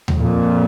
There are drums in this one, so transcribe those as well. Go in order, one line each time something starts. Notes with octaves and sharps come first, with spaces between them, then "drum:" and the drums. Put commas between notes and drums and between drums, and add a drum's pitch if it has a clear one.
drum: tom D#2
F2 A#2